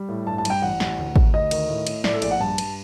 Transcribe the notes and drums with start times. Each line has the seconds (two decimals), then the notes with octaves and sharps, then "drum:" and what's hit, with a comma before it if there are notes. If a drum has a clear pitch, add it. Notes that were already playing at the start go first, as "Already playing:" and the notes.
Already playing: G3
0.09 A2
0.27 G2 A5
0.38 A5
0.45 G2 G5, drum: cymbal
0.62 A1 F#5
0.80 A1, drum: snare
0.98 D2
1.16 D2, drum: kick G#1
1.34 D2 D#5
1.51 D#3, drum: cymbal
1.69 A2
1.87 A2, drum: cymbal
2.04 A2 D5, drum: snare
2.13 A4
2.22 A#1 D5, drum: cymbal
2.31 F#5
2.40 G2 A5
2.58 G2, drum: cymbal